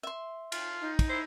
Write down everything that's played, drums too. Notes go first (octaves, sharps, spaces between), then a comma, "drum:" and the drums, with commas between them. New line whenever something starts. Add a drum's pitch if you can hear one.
E5 C6
F4, drum: cymbal
D#4
drum: kick, cymbal
E4 C5